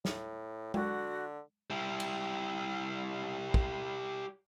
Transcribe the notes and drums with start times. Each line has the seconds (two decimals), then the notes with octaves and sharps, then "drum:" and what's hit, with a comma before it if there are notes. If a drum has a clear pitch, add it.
0.05 A2, drum: snare
0.74 D3 F#4, drum: tom G#3
1.70 G3 E4
2.00 drum: cymbal
3.54 drum: kick